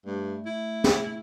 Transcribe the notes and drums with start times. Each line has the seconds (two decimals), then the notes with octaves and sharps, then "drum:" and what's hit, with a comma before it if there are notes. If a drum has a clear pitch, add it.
0.06 G2 A3
0.46 E4
0.84 drum: snare